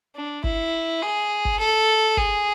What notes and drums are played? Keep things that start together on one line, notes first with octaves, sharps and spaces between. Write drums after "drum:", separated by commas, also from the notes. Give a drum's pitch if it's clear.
D4
E4, drum: kick
G#4
drum: kick
A4
G#4, drum: kick